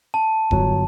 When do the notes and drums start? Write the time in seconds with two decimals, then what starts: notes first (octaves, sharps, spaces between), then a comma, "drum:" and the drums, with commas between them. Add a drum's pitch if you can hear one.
0.14 A5
0.51 G1 F#3, drum: kick E1